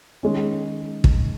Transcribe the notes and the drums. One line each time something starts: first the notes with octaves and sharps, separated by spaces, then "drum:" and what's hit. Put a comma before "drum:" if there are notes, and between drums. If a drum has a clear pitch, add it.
D#3 G#3 C#4
drum: kick